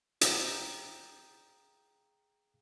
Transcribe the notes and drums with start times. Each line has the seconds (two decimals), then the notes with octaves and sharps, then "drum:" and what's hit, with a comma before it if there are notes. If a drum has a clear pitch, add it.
0.21 G#4 F5 G5 A#5 D#6 G6, drum: hi-hat